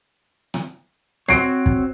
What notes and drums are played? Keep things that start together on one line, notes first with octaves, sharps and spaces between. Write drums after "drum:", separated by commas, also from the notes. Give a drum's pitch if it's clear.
drum: rim click
C4 F#4 C#5 C7 D7, drum: rim click
drum: kick